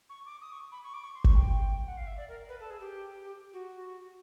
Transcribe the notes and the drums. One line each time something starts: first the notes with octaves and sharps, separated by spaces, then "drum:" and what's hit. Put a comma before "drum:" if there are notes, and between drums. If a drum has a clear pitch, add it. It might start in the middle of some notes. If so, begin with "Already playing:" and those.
C#6
D6
D#6
C#6
B5
C#6
D6
C#6
C6
C#6, drum: kick
G5
F#5
F5
E5
D5
A#4
B4
A4
G#4
G4
F#4